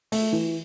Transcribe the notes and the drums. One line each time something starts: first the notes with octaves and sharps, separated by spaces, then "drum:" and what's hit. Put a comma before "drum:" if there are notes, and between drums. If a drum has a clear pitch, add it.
A3, drum: open hi-hat
E3